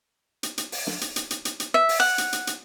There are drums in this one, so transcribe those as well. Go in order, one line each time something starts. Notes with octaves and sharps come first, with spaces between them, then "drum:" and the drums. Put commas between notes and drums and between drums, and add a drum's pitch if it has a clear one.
drum: hi-hat
drum: hi-hat
drum: open hi-hat
drum: snare
drum: hi-hat
drum: hi-hat
drum: hi-hat
drum: hi-hat
drum: hi-hat
E5
drum: open hi-hat
F#5
drum: hi-hat
drum: hi-hat
drum: hi-hat